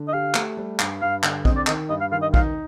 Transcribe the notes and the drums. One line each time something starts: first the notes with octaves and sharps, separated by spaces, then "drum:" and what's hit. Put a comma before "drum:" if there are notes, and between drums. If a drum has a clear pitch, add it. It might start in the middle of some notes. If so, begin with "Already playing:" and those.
Already playing: D3
D#5
G4 F5
A3, drum: clap
G3
G2, drum: clap
G2 F5
D3, drum: clap
C4 D#5, drum: kick
D5
D#3 D#5, drum: clap
G2 D#5
F5
D#3 F5
D#5
D#4 F5, drum: kick